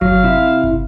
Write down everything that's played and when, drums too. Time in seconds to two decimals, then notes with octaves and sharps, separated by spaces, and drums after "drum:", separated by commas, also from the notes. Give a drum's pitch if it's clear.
0.01 F#3 F5, drum: kick G1
0.23 C3 E4
0.64 drum: kick G1